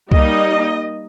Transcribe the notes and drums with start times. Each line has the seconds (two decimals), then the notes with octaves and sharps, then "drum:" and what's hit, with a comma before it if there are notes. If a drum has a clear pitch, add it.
0.12 G3 A#3 D#4 D#5, drum: kick C2